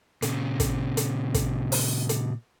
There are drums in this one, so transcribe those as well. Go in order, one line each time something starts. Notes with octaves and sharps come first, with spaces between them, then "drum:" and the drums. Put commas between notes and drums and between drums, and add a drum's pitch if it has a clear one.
A#2 C#3, drum: hi-hat
drum: kick, hi-hat
drum: hi-hat
drum: kick, hi-hat
drum: open hi-hat
drum: hi-hat